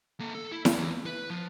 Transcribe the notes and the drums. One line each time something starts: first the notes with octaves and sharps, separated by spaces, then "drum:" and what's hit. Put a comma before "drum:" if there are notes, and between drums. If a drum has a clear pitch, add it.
A#3 A4
A4
E4
E2, drum: snare E4
B4
F3